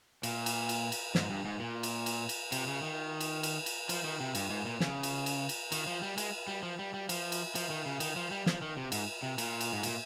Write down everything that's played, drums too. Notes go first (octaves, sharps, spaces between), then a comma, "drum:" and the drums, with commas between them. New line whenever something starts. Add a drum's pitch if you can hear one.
A#2, drum: cymbal
drum: cymbal
drum: cymbal
drum: cymbal
G#2, drum: snare
G2
G#2
A#2
drum: cymbal
drum: cymbal
drum: cymbal
C3, drum: cymbal
C#3
D#3
drum: cymbal
drum: cymbal
drum: cymbal
F3, drum: cymbal
D#3
C3
G2, drum: cymbal
G#2
A#2
C#3, drum: snare
drum: cymbal
drum: cymbal
drum: cymbal
D#3, drum: cymbal
F3
G3
G#3, drum: cymbal
G3
F3
G3
G3
F3, drum: cymbal
drum: cymbal
F3, drum: cymbal
D#3
C#3
D#3, drum: cymbal
F3
G3
F3, drum: snare
D#3
C3
G#2, drum: cymbal
C3
A#2, drum: cymbal
drum: cymbal
G#2
A#2, drum: cymbal